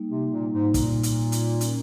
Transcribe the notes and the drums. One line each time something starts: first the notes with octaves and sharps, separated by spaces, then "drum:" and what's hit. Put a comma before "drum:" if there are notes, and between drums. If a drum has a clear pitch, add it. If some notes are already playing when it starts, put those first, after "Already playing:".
Already playing: G3 A#3 D#4
C3
A#2
G#2
A#2, drum: kick, hi-hat
drum: hi-hat
drum: hi-hat
C#4 F4 A#4, drum: hi-hat